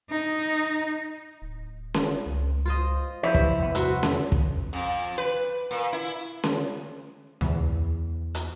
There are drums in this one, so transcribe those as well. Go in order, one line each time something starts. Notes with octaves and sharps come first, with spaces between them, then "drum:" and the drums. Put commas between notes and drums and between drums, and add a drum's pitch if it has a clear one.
D#4
D1
drum: snare C#4
C#2
F4 C5 D#5
F3 E4 G4 B4 C#5
drum: kick
C2 B3
E2 F#4 C5 E5, drum: hi-hat
drum: snare C#4
drum: kick
F2
B4
A#2
E4
drum: snare C#4
E2, drum: tom D2
drum: hi-hat